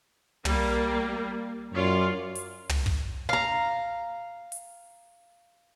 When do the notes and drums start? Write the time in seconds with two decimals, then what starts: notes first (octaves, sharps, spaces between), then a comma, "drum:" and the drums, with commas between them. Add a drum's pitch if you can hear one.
0.45 G3 A#3, drum: tom
1.74 F#2 F4 C#5 D5
2.35 drum: hi-hat
2.69 drum: tom
2.86 drum: kick
3.29 F5 A#5
4.52 drum: hi-hat